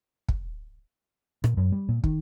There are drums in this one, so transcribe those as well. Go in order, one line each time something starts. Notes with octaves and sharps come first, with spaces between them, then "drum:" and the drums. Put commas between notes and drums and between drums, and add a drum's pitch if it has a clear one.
drum: kick
A#2, drum: rim click
F#2
G3
A#2
D#3, drum: kick